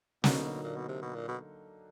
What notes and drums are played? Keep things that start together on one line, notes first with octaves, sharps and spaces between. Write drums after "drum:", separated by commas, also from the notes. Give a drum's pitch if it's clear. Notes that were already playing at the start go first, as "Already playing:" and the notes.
B2 D3 F#3 A#3 D#4, drum: snare
A#2
B2
C3
B2
A#2
B2